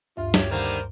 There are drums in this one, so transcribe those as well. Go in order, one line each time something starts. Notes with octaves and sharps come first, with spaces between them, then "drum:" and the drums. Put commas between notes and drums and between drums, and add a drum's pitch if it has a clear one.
D2 G2 F4 E5
F4 G4 C#5, drum: snare
D3 D#3 G3 A#3 A#4 C5